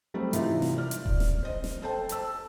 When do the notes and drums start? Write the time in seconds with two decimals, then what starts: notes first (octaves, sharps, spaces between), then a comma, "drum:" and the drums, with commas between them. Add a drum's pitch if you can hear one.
0.14 F#3 G3 A3 C4
0.33 C3 E3 D#4 F4, drum: hi-hat
0.62 drum: snare
0.77 D5 F6
0.91 drum: hi-hat
1.06 drum: kick D#1
1.20 drum: snare
1.43 C5 D#5
1.64 drum: snare
1.82 A4 C5 G5 A5
2.09 C5 A5 E6, drum: hi-hat